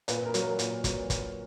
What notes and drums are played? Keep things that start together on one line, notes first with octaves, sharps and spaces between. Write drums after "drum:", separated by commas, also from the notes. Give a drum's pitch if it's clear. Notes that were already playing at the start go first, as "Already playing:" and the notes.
A#2 B4, drum: hi-hat
A#4
F#3, drum: hi-hat
A#4
A#2, drum: hi-hat
F#3, drum: kick, hi-hat
drum: kick, hi-hat